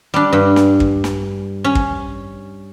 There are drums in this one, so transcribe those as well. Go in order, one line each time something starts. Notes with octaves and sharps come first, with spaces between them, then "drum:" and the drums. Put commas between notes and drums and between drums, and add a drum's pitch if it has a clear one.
G3 D4
G2
drum: snare
drum: kick
drum: snare
C#4
drum: kick